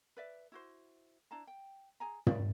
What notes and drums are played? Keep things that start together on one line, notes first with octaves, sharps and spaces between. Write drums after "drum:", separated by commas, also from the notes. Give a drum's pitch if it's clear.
B4 D5 E5
E4 F#4 C5
D4 E4 A5 A#5
G5
G#4 G#5 A#5
D5 E5, drum: tom